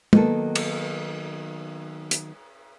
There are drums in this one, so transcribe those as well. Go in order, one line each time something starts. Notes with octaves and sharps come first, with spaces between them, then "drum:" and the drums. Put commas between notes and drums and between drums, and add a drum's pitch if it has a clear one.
D#3 F#3 A#3 B3 A4, drum: tom
drum: cymbal
drum: hi-hat